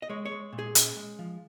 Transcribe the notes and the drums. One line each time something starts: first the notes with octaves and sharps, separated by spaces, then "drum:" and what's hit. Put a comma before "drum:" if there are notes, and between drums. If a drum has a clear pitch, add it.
D#5
G#3 C#5
C#5
G#3
A#2
G#4
C#4, drum: hi-hat
G#3
F3